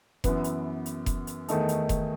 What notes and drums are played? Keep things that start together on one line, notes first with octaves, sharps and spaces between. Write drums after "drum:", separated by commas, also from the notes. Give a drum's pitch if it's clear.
F#2 E3 B3, drum: kick F1, hi-hat
drum: hi-hat
drum: hi-hat
drum: kick F1, hi-hat
drum: hi-hat
E2 D#3 A3 D#4 A4, drum: hi-hat
drum: hi-hat
drum: kick F1, hi-hat